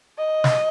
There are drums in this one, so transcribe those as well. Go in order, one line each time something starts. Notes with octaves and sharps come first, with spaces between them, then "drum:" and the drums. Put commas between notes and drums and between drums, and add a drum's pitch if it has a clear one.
D#5
drum: snare